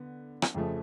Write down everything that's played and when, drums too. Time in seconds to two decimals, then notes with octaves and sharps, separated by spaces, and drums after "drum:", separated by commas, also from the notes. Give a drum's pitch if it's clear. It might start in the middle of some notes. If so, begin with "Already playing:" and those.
Already playing: D3 B3
0.42 drum: rim click
0.55 F2 C#3 F3 A3